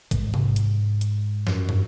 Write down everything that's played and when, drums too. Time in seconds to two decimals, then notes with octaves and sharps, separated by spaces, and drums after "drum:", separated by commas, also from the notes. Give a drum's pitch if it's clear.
0.11 G#2, drum: kick, hi-hat
0.34 drum: tom C3
0.56 drum: hi-hat
1.01 drum: hi-hat
1.47 F#2, drum: snare
1.69 drum: tom